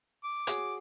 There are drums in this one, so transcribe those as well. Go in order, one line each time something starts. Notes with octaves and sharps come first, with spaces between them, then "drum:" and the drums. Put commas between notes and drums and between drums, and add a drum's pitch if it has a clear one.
D6
F#4 G#4 C#5, drum: hi-hat